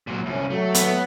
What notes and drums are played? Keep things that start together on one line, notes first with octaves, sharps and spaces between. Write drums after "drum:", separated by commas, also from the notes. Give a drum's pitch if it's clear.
A#2 F#3
C2 C#4
F#3 A3
B3, drum: hi-hat